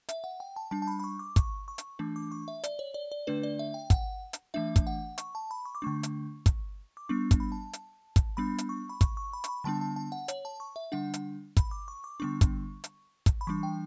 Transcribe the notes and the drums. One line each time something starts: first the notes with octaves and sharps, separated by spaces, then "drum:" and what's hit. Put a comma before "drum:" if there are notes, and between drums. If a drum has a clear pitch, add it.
E5, drum: hi-hat
F#5
G5
A5
G3 D4 A5
A5
B5
B5
C#6
D6
C#6, drum: kick, hi-hat
C#6
drum: hi-hat
E3 A3 D4
D6
C#6
E5
D5, drum: hi-hat
C#5
D5
D5
D3 A3 D4 B4
D5
E5
G5
F#5, drum: kick, hi-hat
drum: hi-hat
E3 A3 D4 E5
drum: kick, hi-hat
F#5
C#6, drum: hi-hat
A5
B5
C#6
D6
D3 A3 D4 C#6
drum: hi-hat
drum: kick, hi-hat
D6
G3 B3 D4 C#6
drum: kick, hi-hat
B5
A5
drum: hi-hat
drum: kick, hi-hat
G3 B3 D4 B5
drum: hi-hat
C#6
B5
C#6, drum: kick, hi-hat
C#6
B5
C#6, drum: hi-hat
B5
D3 G3 B3 D4 A5
A5
A5
F#5
C#5, drum: hi-hat
A5
C#6
E5
D3 G3 D4 F#5
drum: hi-hat
B5, drum: kick, hi-hat
D6
C#6
D6
D3 G3 B3 D4 C#6
drum: kick, hi-hat
drum: hi-hat
drum: kick, hi-hat
B5
E3 G3 D4 C#6
G5